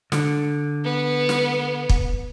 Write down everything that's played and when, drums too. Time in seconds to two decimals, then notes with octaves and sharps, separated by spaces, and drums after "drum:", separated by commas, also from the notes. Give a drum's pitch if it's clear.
0.12 D3, drum: snare
0.84 B3
1.29 drum: snare
1.89 drum: kick